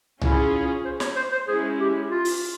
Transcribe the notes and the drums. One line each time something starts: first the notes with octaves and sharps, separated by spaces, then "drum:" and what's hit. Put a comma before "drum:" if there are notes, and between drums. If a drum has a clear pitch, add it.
C#4 E4 F4 G#4, drum: tom C2
C5
C#5, drum: snare
C5
C5
G#3 C#4 E4 G#4
G4
F4
drum: open hi-hat